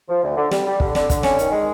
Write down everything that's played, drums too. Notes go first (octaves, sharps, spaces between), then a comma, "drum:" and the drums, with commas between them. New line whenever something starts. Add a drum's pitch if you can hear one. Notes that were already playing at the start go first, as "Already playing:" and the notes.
F3
D2
D3
G3, drum: snare
G3
D3, drum: kick
D3, drum: snare
D3, drum: kick, hi-hat
C#4, drum: snare
D#3, drum: hi-hat
G#3